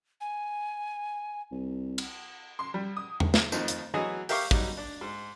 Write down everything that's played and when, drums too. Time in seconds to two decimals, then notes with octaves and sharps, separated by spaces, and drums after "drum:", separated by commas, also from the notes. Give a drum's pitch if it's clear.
0.21 G#5
1.51 C2
1.98 drum: cymbal
2.59 C6
2.74 G3
2.97 D#6
3.20 drum: tom E2
3.34 drum: snare
3.52 F2 D#3 F3 D#4, drum: tambourine
3.68 drum: hi-hat
3.94 E3 F#3 B3 F#4 G#4 D#5
4.29 G4 A#4 E5 F5 C#6 D6, drum: open hi-hat
4.51 F#3 G3 D#4, drum: kick
4.77 D4
5.01 G#2